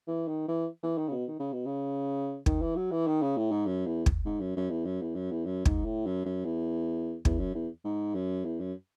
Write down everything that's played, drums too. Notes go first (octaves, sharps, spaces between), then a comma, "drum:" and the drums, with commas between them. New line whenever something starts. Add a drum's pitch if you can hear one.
E3
D#3
E3
E3
D#3
C#3
B2
D#3
C#3
B2
C#3
D#3, drum: kick
E3
F#3
E3
D#3
C#3
A2
G#2
F#2
E2
drum: kick
G#2
F#2
F#2
E2
F#2
E2
F#2
E2
F#2
G#2, drum: kick
A2
F#2
F#2
E2
E2, drum: kick
F#2
E2
G#2
F#2
E2
F#2